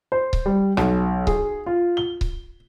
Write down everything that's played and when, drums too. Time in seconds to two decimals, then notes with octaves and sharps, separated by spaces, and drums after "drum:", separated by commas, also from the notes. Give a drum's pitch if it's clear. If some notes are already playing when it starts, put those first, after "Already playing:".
0.12 C5
0.33 drum: kick C#1
0.46 G3
0.77 B1, drum: rim click
1.27 G#4, drum: kick C#1
1.66 F4
1.97 G7
2.21 drum: kick C#1